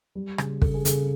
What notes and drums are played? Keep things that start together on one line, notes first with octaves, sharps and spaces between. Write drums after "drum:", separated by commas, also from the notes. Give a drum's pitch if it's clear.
G3
C#3, drum: rim click
C#3 A4, drum: kick
G#4
C#3 A4, drum: hi-hat